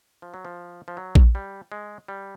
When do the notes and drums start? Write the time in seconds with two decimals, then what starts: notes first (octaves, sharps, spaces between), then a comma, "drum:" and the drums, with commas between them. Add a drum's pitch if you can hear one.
0.22 F3
0.34 F#3
0.45 F3
0.88 F3
0.97 F#3
1.15 drum: kick A#1
1.35 G3
1.72 G#3
2.08 G3